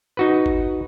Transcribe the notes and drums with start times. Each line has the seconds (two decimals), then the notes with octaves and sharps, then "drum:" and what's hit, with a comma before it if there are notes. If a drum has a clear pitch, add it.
0.17 D#4 F#4 B4
0.46 drum: kick G1